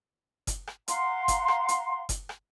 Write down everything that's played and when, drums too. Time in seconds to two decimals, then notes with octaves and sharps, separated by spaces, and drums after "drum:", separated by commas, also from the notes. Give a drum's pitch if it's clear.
0.47 drum: kick F#1, hi-hat
0.67 drum: rim click
0.88 F5 F#5 A#5 C6, drum: hi-hat
1.28 drum: kick F#1, hi-hat
1.48 drum: rim click
1.68 drum: hi-hat
2.09 drum: kick F#1, hi-hat
2.29 drum: rim click